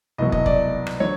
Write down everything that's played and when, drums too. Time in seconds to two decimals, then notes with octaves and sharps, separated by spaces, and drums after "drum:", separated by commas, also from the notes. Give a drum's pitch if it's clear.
0.18 C2 B2 F#3 D#5
0.32 D#5, drum: kick
0.46 D5, drum: kick
0.87 drum: rim click
1.00 D3 F#3 C#5